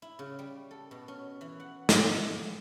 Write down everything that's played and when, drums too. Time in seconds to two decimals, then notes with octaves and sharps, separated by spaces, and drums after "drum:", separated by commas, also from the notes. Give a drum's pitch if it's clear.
0.02 E4
0.19 C#3
0.39 G3
0.71 A4
0.91 B2
1.08 C#4
1.41 E3
1.60 F#5
1.89 drum: snare
2.14 F3